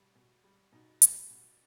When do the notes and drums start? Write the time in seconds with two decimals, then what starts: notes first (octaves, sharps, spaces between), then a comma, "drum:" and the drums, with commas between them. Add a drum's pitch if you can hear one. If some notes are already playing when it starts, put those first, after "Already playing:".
Already playing: B2 G3
0.15 B2
0.44 G3
0.72 B2 D#4
1.02 G3, drum: hi-hat
1.30 B2